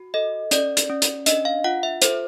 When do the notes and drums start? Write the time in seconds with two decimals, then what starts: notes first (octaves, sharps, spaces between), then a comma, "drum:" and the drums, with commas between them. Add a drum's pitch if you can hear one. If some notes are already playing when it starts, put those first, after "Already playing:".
Already playing: F#4
0.14 A4 D#5
0.51 C#4 D5, drum: hi-hat
0.77 drum: hi-hat
0.89 C#4
1.02 drum: hi-hat
1.26 D4 D#5, drum: hi-hat
1.45 F5
1.64 F4 F#5
1.83 E5
2.02 A4 C5, drum: hi-hat